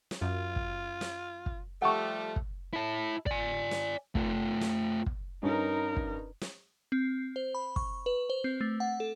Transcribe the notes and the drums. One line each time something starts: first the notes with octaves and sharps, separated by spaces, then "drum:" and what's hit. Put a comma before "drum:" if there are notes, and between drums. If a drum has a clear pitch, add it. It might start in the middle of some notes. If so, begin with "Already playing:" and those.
drum: snare
F#2 F4
drum: kick
drum: snare
drum: kick
F3 G3 A3 G4 F#5 C#6
drum: kick
E4 A5
D5 G#5, drum: kick
drum: snare
A3 F4, drum: kick
drum: snare
drum: kick
G2 C#4 D#4 A#4
drum: kick
drum: snare
C4
C5
B5
C#6, drum: kick
B4
C5
C4
A3
F#5
A4